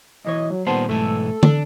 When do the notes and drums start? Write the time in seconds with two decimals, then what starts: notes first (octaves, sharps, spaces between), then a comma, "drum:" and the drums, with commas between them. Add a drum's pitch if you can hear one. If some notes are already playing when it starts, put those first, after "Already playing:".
0.24 B1 E3 C#5 D#5
0.51 F#3
0.67 A#2 D#3 G3 B3 C5 A5
0.89 B1 G#2 E3 A3 A4
1.43 D4, drum: tom